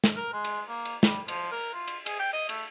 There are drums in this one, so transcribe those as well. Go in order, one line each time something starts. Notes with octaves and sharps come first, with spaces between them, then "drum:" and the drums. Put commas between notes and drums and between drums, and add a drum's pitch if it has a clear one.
drum: snare
A#4
G#3
drum: cymbal
A#3
drum: cymbal
G3, drum: snare
F3, drum: cymbal
A#4
F4
drum: cymbal
G#4, drum: cymbal
G5
D#5
A3, drum: cymbal